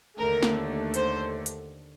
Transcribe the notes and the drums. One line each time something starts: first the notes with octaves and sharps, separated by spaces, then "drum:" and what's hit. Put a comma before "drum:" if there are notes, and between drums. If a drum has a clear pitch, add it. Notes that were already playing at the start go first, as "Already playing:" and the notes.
D#2 D3 A3 A#4
drum: snare
C5, drum: hi-hat
drum: hi-hat